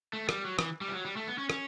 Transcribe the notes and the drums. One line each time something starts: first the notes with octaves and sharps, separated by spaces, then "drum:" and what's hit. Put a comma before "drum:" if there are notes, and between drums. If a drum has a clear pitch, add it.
A3
G3, drum: rim click
F#3
E3, drum: rim click
G3
E3
F#3
G3
A3
B3
C#4
C#4, drum: rim click